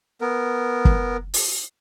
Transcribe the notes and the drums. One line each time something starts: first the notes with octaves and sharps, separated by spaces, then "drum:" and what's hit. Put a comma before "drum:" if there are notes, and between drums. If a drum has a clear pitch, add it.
B3 A#4
drum: kick
drum: open hi-hat